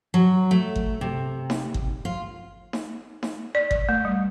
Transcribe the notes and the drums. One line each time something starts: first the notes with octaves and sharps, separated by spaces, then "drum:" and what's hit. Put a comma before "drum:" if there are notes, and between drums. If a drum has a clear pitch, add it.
F#3
A3
drum: kick G1
C3
drum: snare D#4
drum: kick G1
F4
drum: snare D#4
drum: snare D#4
D5
D5, drum: kick G1
A3
G3